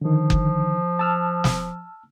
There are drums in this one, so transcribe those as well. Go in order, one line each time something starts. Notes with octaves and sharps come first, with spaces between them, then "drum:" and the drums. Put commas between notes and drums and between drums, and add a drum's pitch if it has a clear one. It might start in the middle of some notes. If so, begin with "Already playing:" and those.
D3 D#3 F3
drum: kick F#1
A5 E6 F6
drum: snare